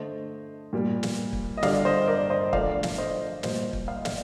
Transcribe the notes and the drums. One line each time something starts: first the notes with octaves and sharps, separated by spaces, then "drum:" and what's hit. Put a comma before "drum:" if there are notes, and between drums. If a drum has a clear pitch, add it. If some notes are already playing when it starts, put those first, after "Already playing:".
Already playing: D3 A3 C5 D#5
A#2 G3
drum: snare
drum: kick
D#5
D3 G3 D5 F5, drum: snare
C5 D#5
A#4 D5
C5 D#5
D3 F3 A3 D5 F5, drum: kick
drum: snare
C5 D#5
A#2 G3 C5 D#5, drum: snare
drum: kick
F5
D#5
D5 F5, drum: snare